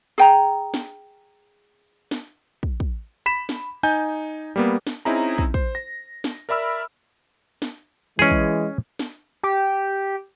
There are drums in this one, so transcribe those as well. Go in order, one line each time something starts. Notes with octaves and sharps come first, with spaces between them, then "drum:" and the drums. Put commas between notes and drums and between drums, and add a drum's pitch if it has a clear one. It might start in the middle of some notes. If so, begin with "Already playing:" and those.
G#4 G5 A#5
drum: snare
drum: snare
drum: kick
drum: kick
B5 B6 E7
drum: snare
D#4 G#5 G6
G3 A#3 B3
drum: snare
C4 C#4 D#4 E4 G#4 A#5
drum: kick
C5, drum: kick
A#6
drum: snare
A#4 D5 E5 B5 E6 F6
drum: snare
E3 G#3 C#4 G#4
drum: kick
drum: snare
G4